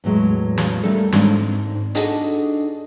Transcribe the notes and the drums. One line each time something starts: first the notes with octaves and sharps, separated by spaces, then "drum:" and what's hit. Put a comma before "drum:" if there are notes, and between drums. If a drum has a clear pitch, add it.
E2 A2 F#3 G#3
drum: snare
G3 A3 A#3 D4 A4
G#2 C4 D4, drum: snare
D4 D#4 F#4 G#4 A4 D#5, drum: hi-hat